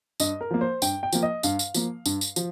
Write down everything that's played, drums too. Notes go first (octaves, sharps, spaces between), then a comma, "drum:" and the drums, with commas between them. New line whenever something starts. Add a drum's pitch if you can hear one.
G2 D#5, drum: tambourine
A#4
F3 A#3
C5
G2 G5, drum: tambourine
G5
F3 A#3, drum: tambourine
D#5
G2 F5, drum: tambourine
drum: tambourine
F3 A#3, drum: tambourine
G2, drum: tambourine
drum: tambourine
F3, drum: tambourine